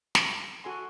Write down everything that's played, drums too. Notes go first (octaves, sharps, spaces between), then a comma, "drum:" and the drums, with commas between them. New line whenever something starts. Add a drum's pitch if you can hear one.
C#6, drum: snare
F#4 A4 G#5 C6